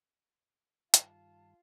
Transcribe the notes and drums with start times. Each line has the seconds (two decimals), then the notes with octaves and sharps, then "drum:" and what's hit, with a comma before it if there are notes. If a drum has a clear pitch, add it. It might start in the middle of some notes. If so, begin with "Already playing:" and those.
0.94 G2 D#3 G3 F4 A5, drum: hi-hat